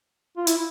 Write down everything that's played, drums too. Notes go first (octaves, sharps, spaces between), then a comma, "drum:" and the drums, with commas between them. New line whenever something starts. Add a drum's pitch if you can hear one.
F4
E4, drum: hi-hat